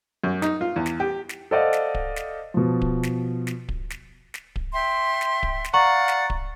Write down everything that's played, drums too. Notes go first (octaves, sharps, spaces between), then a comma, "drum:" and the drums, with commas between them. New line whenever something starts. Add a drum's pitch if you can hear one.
F#2
D#4, drum: snare
F4
E2
drum: snare
G4
drum: snare
A4 C5 D5 D#5 F5 F#5
drum: snare
drum: kick D1
drum: snare
B2 F3
drum: kick D1
drum: snare
drum: snare
drum: kick D1
drum: snare
drum: snare
drum: kick D1
E5 G5 C6
drum: snare
drum: kick D1
drum: snare
D5 F5 F#5 A#5 C#6 F#7
drum: snare
drum: kick D1